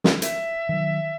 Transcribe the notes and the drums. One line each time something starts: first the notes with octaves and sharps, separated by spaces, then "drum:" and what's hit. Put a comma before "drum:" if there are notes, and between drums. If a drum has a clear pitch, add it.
drum: snare
E5, drum: hi-hat
D#3 F#3